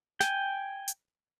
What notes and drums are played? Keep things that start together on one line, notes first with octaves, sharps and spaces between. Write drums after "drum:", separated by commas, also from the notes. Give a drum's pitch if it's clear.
G5 G#5, drum: snare
drum: hi-hat